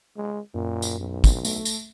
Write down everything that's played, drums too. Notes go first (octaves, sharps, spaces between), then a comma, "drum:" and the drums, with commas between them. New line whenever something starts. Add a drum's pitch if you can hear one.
G#3
F#2 A#2
drum: tambourine
B1
drum: kick, tambourine
A3, drum: tambourine
drum: tambourine